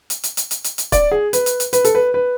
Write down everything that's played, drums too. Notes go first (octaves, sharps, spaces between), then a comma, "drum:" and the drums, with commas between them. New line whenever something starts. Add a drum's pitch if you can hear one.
drum: hi-hat
drum: hi-hat
drum: hi-hat
drum: hi-hat
drum: hi-hat
drum: hi-hat
D5, drum: kick C#1, hi-hat
G#4
B4, drum: hi-hat
drum: hi-hat
drum: hi-hat
B4, drum: hi-hat
A4, drum: hi-hat
B4
B4